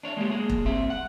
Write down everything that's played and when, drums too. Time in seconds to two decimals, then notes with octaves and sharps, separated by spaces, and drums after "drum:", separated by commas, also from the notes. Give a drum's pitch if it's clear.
0.03 D4 C#5 D#5 E5
0.17 G#3 A#3 B3 G4
0.31 A#3 G#4
0.50 drum: kick E1
0.65 G2 C4 E5
0.90 F#5